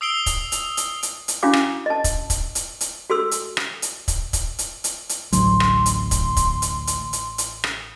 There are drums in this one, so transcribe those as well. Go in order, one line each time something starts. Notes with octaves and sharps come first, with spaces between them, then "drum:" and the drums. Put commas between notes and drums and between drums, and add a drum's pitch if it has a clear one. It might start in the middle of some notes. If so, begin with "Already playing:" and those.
D#6 E6 C7 D7 F7 G7
drum: kick, hi-hat
drum: hi-hat
drum: hi-hat
drum: hi-hat
drum: hi-hat
C#4 D4 E4 F#4 F5 D6
drum: rim click
D#5 A5
drum: kick, hi-hat
drum: kick, hi-hat
drum: hi-hat
drum: hi-hat
F#4 A4 C6 E6
drum: hi-hat
drum: rim click
drum: hi-hat
drum: kick, hi-hat
drum: kick, hi-hat
drum: hi-hat
drum: hi-hat
drum: hi-hat
A1 D2 F#3 C6, drum: hi-hat
drum: rim click
drum: hi-hat
drum: kick, hi-hat
drum: kick, hi-hat
drum: hi-hat
drum: hi-hat
drum: hi-hat
drum: hi-hat
drum: rim click